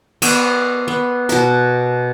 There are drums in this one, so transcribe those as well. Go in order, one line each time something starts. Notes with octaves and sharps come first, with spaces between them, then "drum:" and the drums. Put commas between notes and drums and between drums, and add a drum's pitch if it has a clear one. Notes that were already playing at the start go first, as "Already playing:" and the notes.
B3, drum: cymbal
B3
B2 A#4, drum: hi-hat